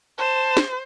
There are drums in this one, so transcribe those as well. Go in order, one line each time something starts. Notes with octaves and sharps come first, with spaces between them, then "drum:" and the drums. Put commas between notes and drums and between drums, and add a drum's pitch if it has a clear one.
C5 A5
drum: snare